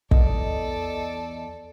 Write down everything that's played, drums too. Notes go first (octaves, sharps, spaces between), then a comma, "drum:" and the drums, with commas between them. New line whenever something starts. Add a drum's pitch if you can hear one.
E2 A4 D5 D#5, drum: kick